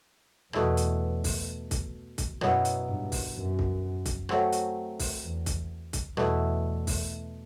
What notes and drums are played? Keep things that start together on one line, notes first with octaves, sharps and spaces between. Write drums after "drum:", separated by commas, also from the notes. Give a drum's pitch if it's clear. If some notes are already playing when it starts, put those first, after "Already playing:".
E2 B2 A3 E4, drum: rim click
drum: hi-hat
drum: kick C2, open hi-hat
drum: kick C2, hi-hat
drum: kick C2, hi-hat
F#2 B2 F#3 B3 E4, drum: rim click
drum: hi-hat
G2
drum: kick C2, open hi-hat
F#2
drum: kick C2
drum: kick C2, hi-hat
F#3 A3 C4 F#4, drum: rim click
drum: hi-hat
drum: kick C2, open hi-hat
E2
drum: kick C2, hi-hat
drum: kick C2, hi-hat
E2 B2 A3 E4, drum: rim click
drum: kick C2, open hi-hat